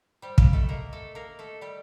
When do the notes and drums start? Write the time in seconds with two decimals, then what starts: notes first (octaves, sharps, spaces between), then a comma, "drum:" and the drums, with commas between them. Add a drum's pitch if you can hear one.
0.22 G3 G4 C5
0.38 G3 G4 F5, drum: kick
0.53 A3 A4 D#5
0.69 A#3 A#4 D#5
0.93 A3 A4
1.15 A#3 A#4
1.39 A3 A4
1.61 G3 G4 D5